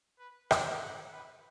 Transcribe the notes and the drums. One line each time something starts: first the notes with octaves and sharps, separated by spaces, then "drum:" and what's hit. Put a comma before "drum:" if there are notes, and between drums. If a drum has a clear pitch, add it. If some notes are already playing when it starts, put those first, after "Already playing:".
B4
F5, drum: rim click
F#5
B4